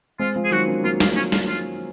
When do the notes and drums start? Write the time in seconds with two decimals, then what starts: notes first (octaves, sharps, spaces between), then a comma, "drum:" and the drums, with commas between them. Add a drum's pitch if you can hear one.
0.19 G#3 C4 F4
0.36 F3 G#3
0.44 G#4
0.51 D#3 F#3 F#4
0.68 A#3 C#4
0.84 F#3 A#3 F4
1.00 F4, drum: snare
1.16 C#4
1.32 F4, drum: snare
1.48 F4